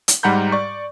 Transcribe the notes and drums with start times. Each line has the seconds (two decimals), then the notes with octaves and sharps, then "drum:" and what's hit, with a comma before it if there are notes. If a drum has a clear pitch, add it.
0.08 drum: hi-hat
0.23 G#2 G3 F#5 A#5 B5 G6
0.52 D5 C#6